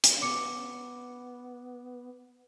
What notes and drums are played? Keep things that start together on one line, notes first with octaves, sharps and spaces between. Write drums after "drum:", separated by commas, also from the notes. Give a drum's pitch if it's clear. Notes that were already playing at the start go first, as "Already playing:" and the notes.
drum: hi-hat
B3 D6 C#7